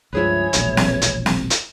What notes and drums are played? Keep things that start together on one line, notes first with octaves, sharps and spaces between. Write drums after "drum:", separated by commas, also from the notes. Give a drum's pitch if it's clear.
C#2 G2 F3 E4 G#4 B4 C#5
E1 A#1 F#2, drum: hi-hat
drum: snare
drum: hi-hat
drum: snare
drum: hi-hat